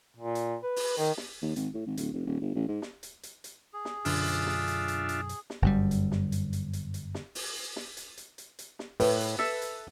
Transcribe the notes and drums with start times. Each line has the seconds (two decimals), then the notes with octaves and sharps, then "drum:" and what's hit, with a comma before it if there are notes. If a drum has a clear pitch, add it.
0.16 A#2
0.35 drum: hi-hat
0.63 B4
0.76 drum: open hi-hat
0.98 D#3, drum: hi-hat
1.18 drum: snare
1.42 D#2
1.56 G#1, drum: hi-hat
1.74 A2
1.86 G#1
1.97 D1, drum: hi-hat
2.13 F1
2.27 D#1
2.41 G1
2.55 A1
2.68 G#2
2.82 drum: snare
3.03 drum: hi-hat
3.23 drum: hi-hat
3.44 drum: hi-hat
3.73 G#4
3.85 drum: snare
4.05 B1 F#2 D3 D4 F4 E5, drum: open hi-hat
4.26 drum: hi-hat
4.47 drum: snare
4.67 drum: hi-hat
4.88 drum: hi-hat
5.09 drum: hi-hat
5.29 drum: hi-hat
5.50 drum: snare
5.62 G1 F#2 G3
5.91 drum: hi-hat
6.12 drum: snare
6.32 drum: hi-hat
6.53 drum: hi-hat
6.73 drum: hi-hat
6.94 drum: hi-hat
7.15 drum: snare
7.35 drum: open hi-hat
7.76 drum: snare
7.97 drum: hi-hat
8.17 drum: hi-hat
8.38 drum: hi-hat
8.59 drum: hi-hat
8.79 drum: snare
9.00 A2 B4, drum: open hi-hat
9.20 drum: hi-hat
9.39 A4 E5, drum: snare
9.62 drum: hi-hat